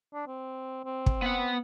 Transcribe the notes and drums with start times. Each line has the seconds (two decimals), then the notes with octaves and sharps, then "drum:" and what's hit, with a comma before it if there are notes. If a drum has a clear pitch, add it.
0.14 D4
0.27 C4
0.85 C4
1.06 drum: kick
1.22 B3 F#5